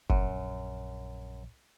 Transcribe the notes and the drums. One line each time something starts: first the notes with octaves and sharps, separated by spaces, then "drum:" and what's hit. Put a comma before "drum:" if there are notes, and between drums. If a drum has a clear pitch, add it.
A#1 F#2, drum: kick